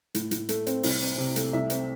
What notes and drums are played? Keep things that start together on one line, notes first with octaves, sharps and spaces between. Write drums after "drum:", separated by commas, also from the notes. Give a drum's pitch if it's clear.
A2, drum: hi-hat
A2, drum: hi-hat
A3, drum: hi-hat
C4, drum: hi-hat
C2, drum: open hi-hat
C4
C3
A3, drum: hi-hat
C2 E5
C4, drum: hi-hat